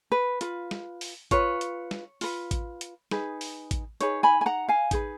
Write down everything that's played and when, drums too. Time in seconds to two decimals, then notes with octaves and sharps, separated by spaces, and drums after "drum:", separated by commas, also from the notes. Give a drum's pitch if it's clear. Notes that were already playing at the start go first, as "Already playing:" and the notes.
0.12 B4
0.41 F4 B4, drum: hi-hat
0.71 drum: snare
1.01 drum: open hi-hat
1.31 F4 B4 C#5, drum: kick A1, hi-hat
1.61 drum: hi-hat
1.91 drum: snare
2.21 F4 B4, drum: open hi-hat
2.51 drum: kick A1, hi-hat
2.81 drum: hi-hat
3.11 D#4 G#4 B4, drum: snare
3.41 drum: open hi-hat
3.71 drum: kick A1, hi-hat
4.01 D#4 G#4 B4 C#5, drum: hi-hat
4.23 G#5 B5
4.41 G#5
4.46 F#5 A#5
4.68 F5 G#5
4.91 D#4 G#4 B4, drum: kick A1, hi-hat